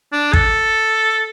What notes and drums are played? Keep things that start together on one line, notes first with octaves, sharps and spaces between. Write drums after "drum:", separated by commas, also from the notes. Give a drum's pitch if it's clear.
D4
A4, drum: kick